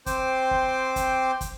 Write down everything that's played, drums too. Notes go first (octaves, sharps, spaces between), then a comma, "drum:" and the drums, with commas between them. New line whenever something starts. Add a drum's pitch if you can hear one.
C4 C5 G5 C6 D6, drum: kick, hi-hat
drum: kick
drum: kick, hi-hat
drum: kick, hi-hat